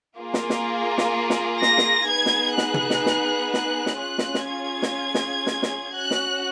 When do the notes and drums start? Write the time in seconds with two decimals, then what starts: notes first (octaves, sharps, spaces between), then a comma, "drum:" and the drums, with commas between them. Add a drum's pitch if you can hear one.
0.18 A#3 F4 G#4
0.34 drum: snare
0.50 drum: snare
0.98 drum: snare
1.30 drum: snare
1.62 A#6, drum: snare
1.78 drum: snare
2.10 B3 D#4 G#4 G#6
2.26 drum: snare
2.58 F#6, drum: snare
2.74 drum: tom
2.90 drum: snare
3.06 drum: snare
3.54 F#6, drum: snare
3.86 drum: snare
4.03 C#4 F4 G#4 F#6
4.18 drum: snare
4.34 drum: snare
4.50 G#6
4.82 drum: snare
5.15 drum: snare
5.47 drum: snare
5.63 drum: snare
5.95 C#4 F#4 F#6
6.11 drum: snare